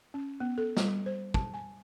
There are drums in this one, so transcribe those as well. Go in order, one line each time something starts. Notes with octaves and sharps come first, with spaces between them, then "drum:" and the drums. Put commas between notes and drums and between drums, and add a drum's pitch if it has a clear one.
C#4
B3
A4
G3, drum: snare
C5
A5, drum: kick
G#5